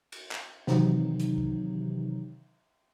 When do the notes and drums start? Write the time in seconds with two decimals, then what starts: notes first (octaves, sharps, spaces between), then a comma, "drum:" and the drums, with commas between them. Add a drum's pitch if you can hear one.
0.12 drum: cymbal
0.31 drum: clap
0.67 C3 D#3 E3 F#3 D#4, drum: snare
1.20 drum: hi-hat
1.38 drum: kick